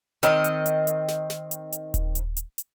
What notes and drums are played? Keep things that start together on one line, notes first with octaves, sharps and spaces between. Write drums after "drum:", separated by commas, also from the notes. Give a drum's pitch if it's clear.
D#3 C4 D#5, drum: hi-hat
drum: hi-hat
drum: hi-hat
drum: hi-hat
drum: snare
drum: snare
drum: hi-hat
drum: hi-hat
drum: kick D#1, hi-hat
drum: hi-hat
drum: hi-hat
drum: hi-hat